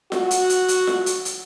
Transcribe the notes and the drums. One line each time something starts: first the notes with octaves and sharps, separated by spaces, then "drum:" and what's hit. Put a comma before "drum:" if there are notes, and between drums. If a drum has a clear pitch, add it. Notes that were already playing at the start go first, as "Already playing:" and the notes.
F#4, drum: snare F4
drum: hi-hat
drum: hi-hat
drum: hi-hat
drum: snare F4
drum: hi-hat
drum: hi-hat